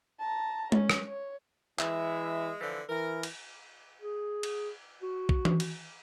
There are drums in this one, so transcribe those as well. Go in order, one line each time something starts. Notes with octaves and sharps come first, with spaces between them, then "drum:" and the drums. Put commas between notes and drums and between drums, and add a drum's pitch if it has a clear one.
A5 A#5
C#4, drum: tom G#3
drum: rim click
C#5
E3 G#3 E5, drum: clap
D3 E3 F3
E3 A#4
drum: cymbal
G#4
drum: cymbal
F#4
drum: kick
drum: tom E3
drum: cymbal